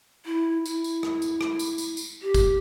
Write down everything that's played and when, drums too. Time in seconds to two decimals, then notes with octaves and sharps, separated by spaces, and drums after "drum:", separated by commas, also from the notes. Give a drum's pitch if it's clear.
0.26 E4
0.66 E4, drum: tambourine
0.84 drum: tambourine
1.03 drum: rim click
1.22 drum: tambourine
1.41 drum: rim click
1.59 drum: tambourine
1.78 drum: tambourine
1.97 drum: tambourine
2.22 G4
2.34 drum: kick, tambourine